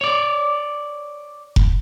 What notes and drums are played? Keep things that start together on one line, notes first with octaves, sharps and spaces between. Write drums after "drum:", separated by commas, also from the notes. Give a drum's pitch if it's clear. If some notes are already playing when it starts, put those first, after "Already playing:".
C#5 D5
drum: kick F1